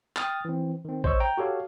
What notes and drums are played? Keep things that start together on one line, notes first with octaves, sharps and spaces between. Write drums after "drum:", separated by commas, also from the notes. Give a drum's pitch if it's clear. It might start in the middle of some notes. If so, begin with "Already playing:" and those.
G5 D#6 F6 A6, drum: clap
E3 C4
D#3 C4
C5 C#5 D#5 C#6 E6, drum: kick A1
G5 A#5
F#4 G4 A4 C#5 F5